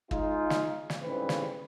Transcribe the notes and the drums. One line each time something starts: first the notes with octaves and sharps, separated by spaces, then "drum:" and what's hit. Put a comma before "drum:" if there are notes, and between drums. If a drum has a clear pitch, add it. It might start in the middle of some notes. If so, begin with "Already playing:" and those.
G#3 D#4 F4, drum: kick
drum: snare
drum: snare
A1 G#2 C#3 G3 C4 B4
drum: snare